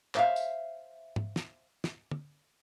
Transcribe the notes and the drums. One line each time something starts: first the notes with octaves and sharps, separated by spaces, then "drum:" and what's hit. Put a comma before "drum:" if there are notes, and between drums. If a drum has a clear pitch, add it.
C5 E5 F5, drum: clap
drum: tambourine
drum: tom G#2
drum: snare
drum: snare
drum: tom